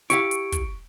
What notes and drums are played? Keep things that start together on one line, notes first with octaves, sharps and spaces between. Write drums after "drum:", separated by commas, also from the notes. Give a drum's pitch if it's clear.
E4 G4 F5 C#6 D7, drum: hi-hat
drum: hi-hat
drum: kick, hi-hat